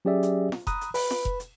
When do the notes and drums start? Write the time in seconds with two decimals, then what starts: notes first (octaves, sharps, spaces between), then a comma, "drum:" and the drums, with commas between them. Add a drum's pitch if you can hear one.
0.05 F#3 C#4 G4 G#4 D5 E5
0.23 drum: hi-hat
0.52 drum: snare
0.67 A#5 B5 D#6 F#6, drum: kick F1, hi-hat
0.81 drum: hi-hat
0.94 B4 B5, drum: open hi-hat
1.11 drum: snare
1.25 drum: kick F1
1.40 drum: hi-hat